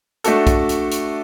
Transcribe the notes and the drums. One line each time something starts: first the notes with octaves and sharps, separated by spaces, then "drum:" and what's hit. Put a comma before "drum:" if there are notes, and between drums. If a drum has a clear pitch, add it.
A3 D4 F#4 A4, drum: hi-hat
drum: kick, hi-hat
drum: hi-hat
drum: hi-hat